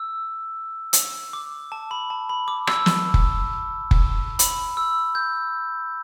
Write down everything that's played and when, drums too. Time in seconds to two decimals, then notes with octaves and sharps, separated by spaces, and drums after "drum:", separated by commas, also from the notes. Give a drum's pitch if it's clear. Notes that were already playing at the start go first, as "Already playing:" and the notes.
Already playing: E6
0.93 drum: hi-hat
1.33 D6
1.72 A5
1.91 B5
2.10 A5
2.29 B5
2.48 D6
2.67 E6, drum: rim click
2.86 drum: snare
3.14 drum: kick F#1
3.91 drum: kick F#1
4.39 B5, drum: hi-hat
4.77 E6
5.15 G6